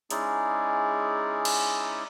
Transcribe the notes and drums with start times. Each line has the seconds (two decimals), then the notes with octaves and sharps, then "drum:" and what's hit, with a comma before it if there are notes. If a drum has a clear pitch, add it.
0.10 G#3 C#4 D#4 E4 G#4 D5, drum: hi-hat
1.45 drum: cymbal